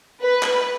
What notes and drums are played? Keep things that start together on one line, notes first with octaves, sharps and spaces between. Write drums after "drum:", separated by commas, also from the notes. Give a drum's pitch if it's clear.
B4
drum: clap